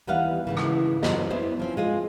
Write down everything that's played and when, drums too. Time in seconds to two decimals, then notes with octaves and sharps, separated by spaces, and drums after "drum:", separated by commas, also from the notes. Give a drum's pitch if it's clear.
0.07 D#2 E3 G3 B3 F5 F#5
0.47 G#2 C#3 E3
0.57 drum: rim click
1.03 F#2 G3 C5 D#5, drum: snare
1.30 G3 B3 E4 C5 C#5
1.60 F3 C4 C#4
1.77 G#3 F4 G#4